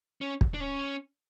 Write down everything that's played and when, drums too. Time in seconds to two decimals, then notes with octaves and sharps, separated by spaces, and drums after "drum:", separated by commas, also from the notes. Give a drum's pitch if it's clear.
0.21 C#4
0.41 drum: kick
0.54 D4
0.60 C#4